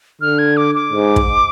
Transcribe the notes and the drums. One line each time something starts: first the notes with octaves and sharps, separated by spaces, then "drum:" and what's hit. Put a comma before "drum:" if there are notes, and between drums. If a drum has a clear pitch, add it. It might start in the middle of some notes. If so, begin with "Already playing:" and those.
D3 F6
G#6
D6
D6
G#2
drum: kick